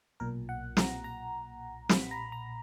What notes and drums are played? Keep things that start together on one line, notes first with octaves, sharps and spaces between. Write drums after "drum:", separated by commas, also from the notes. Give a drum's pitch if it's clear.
B1 A#2 A#4
F#5
A#5, drum: snare
A#5
B5, drum: snare
A#5
A#5